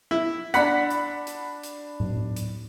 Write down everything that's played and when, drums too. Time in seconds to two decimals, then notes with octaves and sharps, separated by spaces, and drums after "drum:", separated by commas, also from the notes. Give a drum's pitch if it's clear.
0.11 E4
0.54 D4 F#5 B5 B6, drum: hi-hat
0.90 drum: hi-hat
1.27 drum: hi-hat
1.63 drum: hi-hat
2.00 drum: tom A2
2.36 drum: hi-hat